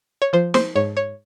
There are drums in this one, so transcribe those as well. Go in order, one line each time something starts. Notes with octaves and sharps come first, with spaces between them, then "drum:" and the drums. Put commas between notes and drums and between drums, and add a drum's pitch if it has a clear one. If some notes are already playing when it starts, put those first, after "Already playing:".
C#5
F3 C5
C5, drum: snare
G#2 C#5
C#5